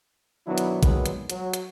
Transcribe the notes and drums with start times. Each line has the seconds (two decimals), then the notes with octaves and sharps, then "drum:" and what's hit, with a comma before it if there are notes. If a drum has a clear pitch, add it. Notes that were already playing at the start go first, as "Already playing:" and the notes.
0.46 B2 D#3 F#3 B3 D4 E4
0.58 drum: hi-hat
0.83 A#2 D3 D#3 F#3 G#3 B3, drum: kick, hi-hat
1.06 drum: hi-hat
1.30 F#3, drum: hi-hat
1.54 drum: hi-hat